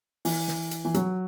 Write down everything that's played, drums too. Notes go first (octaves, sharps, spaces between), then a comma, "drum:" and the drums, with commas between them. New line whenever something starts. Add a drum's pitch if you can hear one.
E3, drum: open hi-hat
drum: snare
drum: hi-hat
E3
F#3, drum: hi-hat